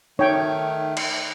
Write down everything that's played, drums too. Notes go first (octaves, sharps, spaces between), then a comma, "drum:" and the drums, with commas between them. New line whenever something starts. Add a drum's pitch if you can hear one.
D#3 A3 D#4 C#5 G5
drum: cymbal